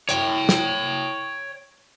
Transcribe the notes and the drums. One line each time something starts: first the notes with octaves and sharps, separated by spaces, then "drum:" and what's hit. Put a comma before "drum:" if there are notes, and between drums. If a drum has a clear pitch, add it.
C#5 G5, drum: hi-hat
drum: snare